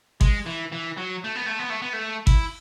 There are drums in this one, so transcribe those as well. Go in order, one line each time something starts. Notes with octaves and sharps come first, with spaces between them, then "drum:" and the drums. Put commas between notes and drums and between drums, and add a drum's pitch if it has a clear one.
G#3, drum: kick G#1
E3
E3
F#3
A3
B3
A3
B3
A3
B3
A3
E4, drum: kick G#1